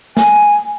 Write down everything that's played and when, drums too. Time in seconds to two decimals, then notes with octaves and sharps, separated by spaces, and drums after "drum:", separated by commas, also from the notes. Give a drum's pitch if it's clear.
0.17 G#5, drum: snare A3